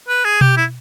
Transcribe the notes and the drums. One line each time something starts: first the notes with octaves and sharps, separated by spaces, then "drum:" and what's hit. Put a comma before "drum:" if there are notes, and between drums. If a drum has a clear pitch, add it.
B4
G#4
G4, drum: tom B2
E4